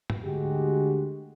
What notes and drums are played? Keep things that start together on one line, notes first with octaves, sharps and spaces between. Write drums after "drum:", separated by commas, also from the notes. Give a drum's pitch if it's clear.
drum: tom
D2 D3 G#3 F#4 G4